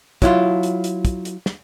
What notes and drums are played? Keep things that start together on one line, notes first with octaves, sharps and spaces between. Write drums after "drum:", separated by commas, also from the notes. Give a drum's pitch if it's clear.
F#3 E4 F4, drum: kick, hi-hat
drum: hi-hat
drum: hi-hat
drum: kick, hi-hat
drum: hi-hat
drum: snare